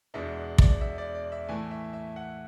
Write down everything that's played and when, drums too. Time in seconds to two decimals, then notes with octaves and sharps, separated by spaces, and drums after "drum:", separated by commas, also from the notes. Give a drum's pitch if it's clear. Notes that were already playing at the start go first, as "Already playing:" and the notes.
0.14 E2 B2 G#3 B3 D4 E5
0.58 D5, drum: kick
0.81 E5
0.98 D5
1.15 D5
1.32 E5
1.49 A2 E3 A3 G#5
1.71 E5
1.93 E5
2.16 F#5